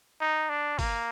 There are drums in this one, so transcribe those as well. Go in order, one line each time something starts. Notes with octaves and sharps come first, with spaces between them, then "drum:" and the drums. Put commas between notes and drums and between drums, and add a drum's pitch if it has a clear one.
D#4
D4
A#3, drum: kick, open hi-hat